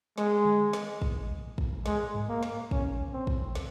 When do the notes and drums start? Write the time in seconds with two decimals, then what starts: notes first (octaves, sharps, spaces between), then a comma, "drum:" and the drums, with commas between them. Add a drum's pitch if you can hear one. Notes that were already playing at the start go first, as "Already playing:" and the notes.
0.18 G#3, drum: snare
0.45 drum: tom D3
0.73 drum: snare
1.02 drum: kick
1.58 drum: kick
1.86 G#3, drum: snare
2.14 drum: tom G2
2.29 A#3
2.43 drum: snare
2.71 C#4, drum: kick
3.13 C4
3.27 drum: kick
3.55 drum: snare